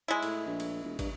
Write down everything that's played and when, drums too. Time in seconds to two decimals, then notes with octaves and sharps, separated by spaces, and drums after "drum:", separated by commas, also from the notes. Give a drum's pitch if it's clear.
0.08 G#3 E4
0.23 A2, drum: cymbal
0.46 A#1
0.60 drum: cymbal
0.83 E1
0.99 G2, drum: kick, cymbal